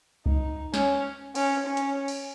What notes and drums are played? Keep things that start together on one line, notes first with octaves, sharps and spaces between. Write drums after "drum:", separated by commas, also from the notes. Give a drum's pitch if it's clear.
D#4, drum: kick C2
C#4, drum: snare
C#4, drum: cymbal
C#4
drum: hi-hat
drum: cymbal